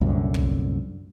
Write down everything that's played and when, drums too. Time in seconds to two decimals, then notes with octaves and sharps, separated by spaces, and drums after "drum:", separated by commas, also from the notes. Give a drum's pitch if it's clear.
0.01 C2 F#2 A#2 D3
0.34 drum: kick